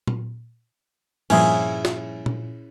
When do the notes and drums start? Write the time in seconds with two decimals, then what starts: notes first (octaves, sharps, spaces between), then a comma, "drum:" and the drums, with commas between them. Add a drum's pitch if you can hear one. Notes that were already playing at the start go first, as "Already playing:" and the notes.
0.07 drum: tom A#2
1.30 G2 A#2 F3 C#4 E4 G#4, drum: cymbal
1.85 drum: snare
2.26 drum: tom A#2